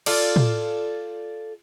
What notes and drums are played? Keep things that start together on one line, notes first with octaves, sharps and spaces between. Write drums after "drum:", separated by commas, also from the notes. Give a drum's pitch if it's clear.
F4 A4 D5, drum: cymbal
drum: tom